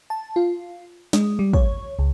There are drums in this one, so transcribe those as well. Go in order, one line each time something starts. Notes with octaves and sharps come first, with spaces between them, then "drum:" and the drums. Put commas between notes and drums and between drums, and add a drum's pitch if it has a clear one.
A5
F4
G#3, drum: snare
G3
C#5, drum: kick
C#2